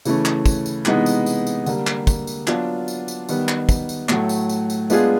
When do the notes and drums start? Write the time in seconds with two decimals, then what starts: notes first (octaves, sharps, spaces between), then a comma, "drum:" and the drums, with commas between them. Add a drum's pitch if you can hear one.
0.05 C#3 E3 A3 C#4, drum: tambourine
0.25 drum: clap
0.46 drum: kick, tambourine
0.66 drum: tambourine
0.85 C3 E3 G#3 B3 D#4, drum: clap
1.06 drum: tambourine
1.26 drum: tambourine
1.47 drum: tambourine
1.66 D3 G3 A#3, drum: tambourine
1.87 drum: clap
2.07 drum: kick, tambourine
2.27 drum: tambourine
2.47 F#3 B3 D4 F4, drum: clap
2.88 drum: tambourine
3.08 drum: tambourine
3.29 D#3 G3 B3, drum: tambourine
3.48 drum: clap
3.69 drum: kick, tambourine
3.89 drum: tambourine
4.09 A2 F#3 A3, drum: clap
4.29 drum: tambourine
4.49 drum: tambourine
4.70 drum: tambourine
4.90 G#3 B3 D4 F4 G#4, drum: tambourine